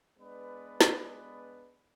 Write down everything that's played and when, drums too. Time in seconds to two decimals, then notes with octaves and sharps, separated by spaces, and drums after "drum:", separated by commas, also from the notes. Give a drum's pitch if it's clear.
0.19 G#3 B3 D4 B4
0.81 drum: snare